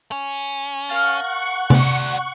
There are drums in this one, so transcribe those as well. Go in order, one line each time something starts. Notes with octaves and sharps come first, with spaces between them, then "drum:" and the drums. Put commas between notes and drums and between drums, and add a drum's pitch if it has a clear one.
C#4
A#4 F5 F#5 A5 C#6
F#4 D5, drum: tom C3